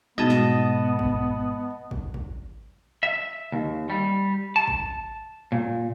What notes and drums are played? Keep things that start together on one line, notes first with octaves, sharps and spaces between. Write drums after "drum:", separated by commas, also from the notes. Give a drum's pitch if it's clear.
G#2 B2 B3 D#5 A5 D#6
drum: snare
drum: kick
drum: kick
drum: kick
E5
D#2
G3
A5
drum: kick
A#2